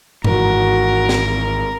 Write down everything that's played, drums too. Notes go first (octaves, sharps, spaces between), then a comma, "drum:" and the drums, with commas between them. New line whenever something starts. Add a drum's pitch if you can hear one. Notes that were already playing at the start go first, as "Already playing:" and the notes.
G#1 G#2 E3 F#4 A#4, drum: tom G2
drum: snare